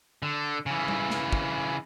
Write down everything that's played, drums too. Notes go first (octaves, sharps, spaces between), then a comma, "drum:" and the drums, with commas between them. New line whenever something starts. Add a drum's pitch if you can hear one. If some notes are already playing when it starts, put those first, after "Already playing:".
D3
C#3 E3
drum: tom G3
drum: snare
drum: kick